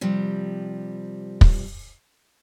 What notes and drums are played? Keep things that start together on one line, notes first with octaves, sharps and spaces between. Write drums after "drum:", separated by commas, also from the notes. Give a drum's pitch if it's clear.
C3 F3 G3
drum: kick